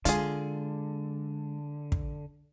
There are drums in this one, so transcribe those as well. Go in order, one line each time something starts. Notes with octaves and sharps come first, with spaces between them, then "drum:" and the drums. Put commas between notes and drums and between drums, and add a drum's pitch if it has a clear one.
D3 G#3 F4 G#4, drum: hi-hat
drum: kick